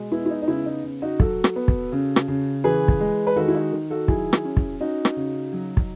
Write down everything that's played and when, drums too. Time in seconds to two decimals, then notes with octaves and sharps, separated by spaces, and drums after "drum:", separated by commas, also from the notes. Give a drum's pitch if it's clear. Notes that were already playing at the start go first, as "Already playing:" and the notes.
Already playing: B2 G#3
0.12 B3 E4
0.26 E4
0.30 D#4
0.42 D#4
0.47 C#3 E4
0.66 D#4
0.84 C#3
1.02 D#4 F#4
1.20 F#3 F#4 A4, drum: kick
1.44 drum: rim click
1.56 B3
1.68 drum: kick
1.92 C#3
2.16 drum: rim click
2.28 C#3
2.64 E3 G#4 B4
2.88 drum: kick
3.00 G#3
3.27 B4
3.36 D#3 F#4 A4
3.48 E4
3.55 D#4 F#4
3.72 D#3
3.90 F#4 A4
4.08 F#3 E4 G#4, drum: kick
4.33 drum: rim click
4.45 C#4
4.57 drum: kick
4.81 C#4 D#4 F#4
5.05 drum: rim click
5.16 C#3
5.53 F#3
5.77 drum: kick